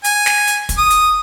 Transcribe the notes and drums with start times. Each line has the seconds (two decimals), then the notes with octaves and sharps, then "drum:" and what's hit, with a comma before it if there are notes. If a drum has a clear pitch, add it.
0.04 G#5, drum: hi-hat
0.26 drum: snare
0.47 drum: hi-hat
0.69 drum: kick, hi-hat
0.78 D#6
0.90 drum: hi-hat